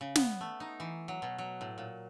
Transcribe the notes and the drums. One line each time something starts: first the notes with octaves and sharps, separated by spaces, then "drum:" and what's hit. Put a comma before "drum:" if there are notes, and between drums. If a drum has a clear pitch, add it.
C#3
B3, drum: snare
A3
D#4
E3
F#3
B2
F#3
A2
A#2